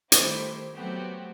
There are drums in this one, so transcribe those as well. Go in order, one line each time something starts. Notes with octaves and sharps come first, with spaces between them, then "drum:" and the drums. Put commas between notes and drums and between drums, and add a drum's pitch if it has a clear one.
D#3 G3 A3 E4 G4 C5, drum: hi-hat
F#3 A3 B3 C4 F#4 G4